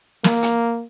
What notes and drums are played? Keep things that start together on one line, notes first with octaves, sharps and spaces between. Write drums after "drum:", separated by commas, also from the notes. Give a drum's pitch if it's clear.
A#3, drum: snare
drum: hi-hat